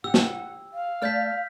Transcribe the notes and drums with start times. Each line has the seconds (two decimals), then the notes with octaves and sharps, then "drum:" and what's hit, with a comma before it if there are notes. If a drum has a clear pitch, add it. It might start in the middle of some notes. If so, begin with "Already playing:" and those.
0.04 G4 F#5 E6
0.14 drum: snare
0.74 F5
1.02 A3 D5 A5 F6 G6 B6